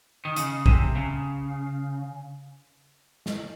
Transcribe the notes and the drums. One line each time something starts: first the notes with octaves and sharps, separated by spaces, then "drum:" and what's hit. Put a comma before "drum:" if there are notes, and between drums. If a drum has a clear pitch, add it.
D#3
C#3, drum: hi-hat
C3, drum: kick
C#3
drum: snare